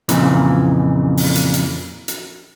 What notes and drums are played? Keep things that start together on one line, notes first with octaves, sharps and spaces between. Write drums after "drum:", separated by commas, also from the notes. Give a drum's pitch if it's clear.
F2 A#2 C#3 E3, drum: hi-hat
drum: open hi-hat
drum: hi-hat
drum: hi-hat
drum: hi-hat